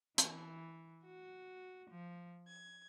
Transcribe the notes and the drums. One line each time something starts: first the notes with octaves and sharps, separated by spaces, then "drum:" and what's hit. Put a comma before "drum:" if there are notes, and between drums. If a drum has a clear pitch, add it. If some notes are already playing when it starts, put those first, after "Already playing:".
E3, drum: hi-hat
F#4
F3
G#6